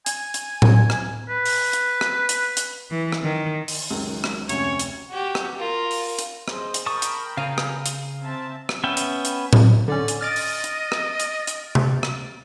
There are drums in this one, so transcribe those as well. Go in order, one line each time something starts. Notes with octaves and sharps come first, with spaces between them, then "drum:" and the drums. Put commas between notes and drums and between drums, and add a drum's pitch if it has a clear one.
G#5, drum: hi-hat
drum: hi-hat
drum: tom A2
drum: rim click
B4
drum: open hi-hat
drum: hi-hat
drum: rim click
drum: hi-hat
drum: hi-hat
E3
drum: rim click
D#3
drum: open hi-hat
C#2 F#2 D#3
drum: rim click
F1 D2 C3 C#4 C#5, drum: hi-hat
drum: hi-hat
F#4 G4
drum: rim click
F4 A#4
drum: open hi-hat
drum: hi-hat
G#4 C5 D#5, drum: rim click
drum: hi-hat
A#4 G5 A5 B5 C#6 D#6
drum: hi-hat
C#3 F5 G#5 A#5
drum: rim click
drum: hi-hat
C4 E5 A5
drum: rim click
B3 C#4 E5 G5
drum: hi-hat
drum: hi-hat
drum: tom A2
D3 C#4 D5
drum: hi-hat
D#5 F6 A6 D7
drum: open hi-hat
drum: hi-hat
drum: rim click
drum: hi-hat
drum: hi-hat
drum: tom C3
drum: rim click